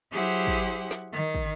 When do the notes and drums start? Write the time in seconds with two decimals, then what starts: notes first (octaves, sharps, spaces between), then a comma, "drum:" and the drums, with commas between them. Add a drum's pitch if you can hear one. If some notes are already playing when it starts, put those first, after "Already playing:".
0.12 F#3 E4 G4 G#4 C5 F#5
0.47 drum: kick
0.91 drum: snare
1.13 D#3
1.35 drum: kick